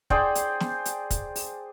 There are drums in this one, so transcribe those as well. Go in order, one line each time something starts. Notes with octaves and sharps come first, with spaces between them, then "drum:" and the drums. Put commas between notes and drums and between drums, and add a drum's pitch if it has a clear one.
G#4 C5 D5 G5, drum: kick
drum: hi-hat
drum: snare
drum: hi-hat
drum: kick, hi-hat
drum: open hi-hat